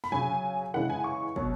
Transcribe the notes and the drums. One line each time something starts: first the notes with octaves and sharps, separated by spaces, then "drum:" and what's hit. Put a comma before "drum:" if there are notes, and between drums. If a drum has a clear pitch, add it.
B5, drum: snare
C#3 F#3 G#5
C#3 E3 G#3 F#5
G#5
C#6
B2 F#3, drum: kick